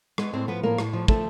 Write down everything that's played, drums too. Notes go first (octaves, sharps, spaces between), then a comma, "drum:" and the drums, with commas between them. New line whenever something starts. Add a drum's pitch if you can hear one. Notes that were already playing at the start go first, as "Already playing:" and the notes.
G#3 B3 B4, drum: rim click
A2 C4 C5
F3 B3 B4
A2 A#3 A#4
A2, drum: rim click
F3
F3 A3 A4, drum: kick